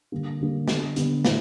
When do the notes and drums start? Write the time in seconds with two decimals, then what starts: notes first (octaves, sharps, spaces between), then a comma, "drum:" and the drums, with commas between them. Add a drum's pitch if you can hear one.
0.12 D3 G3 A#3
0.40 D3 G3 A#3
0.68 D3 G3 B3, drum: snare
0.96 D3 G3 B3, drum: hi-hat
1.25 A2 E3, drum: snare